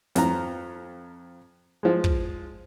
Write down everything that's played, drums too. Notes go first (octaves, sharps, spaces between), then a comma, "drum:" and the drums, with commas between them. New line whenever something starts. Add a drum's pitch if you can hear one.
F2 F3 A#5, drum: snare
F3 G#3
drum: kick